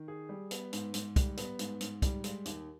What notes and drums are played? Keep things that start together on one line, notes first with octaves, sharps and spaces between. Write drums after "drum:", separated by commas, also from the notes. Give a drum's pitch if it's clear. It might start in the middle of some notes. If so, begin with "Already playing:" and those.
Already playing: D#3
G#4
G3
B3, drum: hi-hat
G#2, drum: hi-hat
G#2, drum: hi-hat
G3, drum: kick, hi-hat
B3, drum: hi-hat
G#2, drum: hi-hat
G#2, drum: hi-hat
G3, drum: kick, hi-hat
G#3, drum: hi-hat
D#2, drum: hi-hat